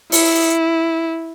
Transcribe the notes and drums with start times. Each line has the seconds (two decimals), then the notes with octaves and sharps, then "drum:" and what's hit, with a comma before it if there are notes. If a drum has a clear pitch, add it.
0.12 E4, drum: open hi-hat